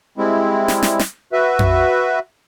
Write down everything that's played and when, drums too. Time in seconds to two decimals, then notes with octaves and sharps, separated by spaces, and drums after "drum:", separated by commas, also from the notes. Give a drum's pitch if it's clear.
0.18 G3 G#3 C4 E4
0.68 drum: snare
0.83 drum: snare
0.99 drum: snare
1.32 F#4 B4 E5
1.59 drum: tom F2